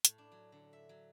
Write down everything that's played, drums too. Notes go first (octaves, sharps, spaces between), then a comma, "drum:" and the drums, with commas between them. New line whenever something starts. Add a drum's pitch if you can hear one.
A2, drum: hi-hat
D4
F#3
D3
E5
F#3